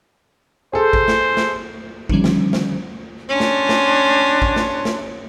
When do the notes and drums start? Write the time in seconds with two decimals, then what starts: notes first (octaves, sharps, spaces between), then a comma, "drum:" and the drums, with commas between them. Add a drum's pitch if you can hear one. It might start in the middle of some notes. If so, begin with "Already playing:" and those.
0.73 G#4 A4 C5
0.93 drum: kick
1.08 drum: snare
1.37 drum: snare
2.10 D3 D#3 F3 G3 C#4, drum: kick
2.24 drum: snare
2.53 drum: snare
3.29 C#4 D4 C6
3.40 drum: snare
3.69 drum: snare
4.42 drum: kick
4.56 drum: snare
4.85 drum: snare